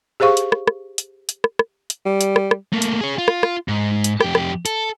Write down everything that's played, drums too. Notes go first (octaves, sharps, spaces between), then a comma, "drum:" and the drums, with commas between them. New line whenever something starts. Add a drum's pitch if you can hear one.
G4 G#4 C5 F5 C#6
drum: hi-hat
drum: rim click
drum: rim click
drum: hi-hat
drum: hi-hat
drum: rim click
drum: rim click
drum: hi-hat
G3
drum: hi-hat
drum: rim click
drum: rim click
A3 A#3
drum: hi-hat
G#4 C#5
F4
drum: rim click
drum: rim click
G#2
drum: hi-hat
F2 G4, drum: rim click
drum: rim click
A4, drum: hi-hat